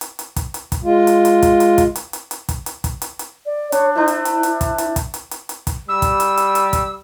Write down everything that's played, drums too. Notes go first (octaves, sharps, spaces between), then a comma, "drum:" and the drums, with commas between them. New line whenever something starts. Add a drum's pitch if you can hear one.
drum: hi-hat
drum: hi-hat
drum: kick, hi-hat
drum: hi-hat
drum: kick, hi-hat
G#3 F4
drum: hi-hat
drum: hi-hat
drum: kick, hi-hat
drum: hi-hat
drum: kick, hi-hat
drum: hi-hat
drum: hi-hat
drum: hi-hat
drum: kick, hi-hat
drum: hi-hat
drum: kick, hi-hat
drum: hi-hat
drum: hi-hat
D5
D4 C#5, drum: hi-hat
D4 E4 C5 E5
drum: hi-hat
drum: hi-hat
E4, drum: hi-hat
drum: kick, hi-hat
drum: hi-hat
drum: kick, hi-hat
drum: hi-hat
drum: hi-hat
drum: hi-hat
drum: kick, hi-hat
G3 E6
drum: kick, hi-hat
drum: hi-hat
drum: hi-hat
drum: hi-hat
drum: kick, hi-hat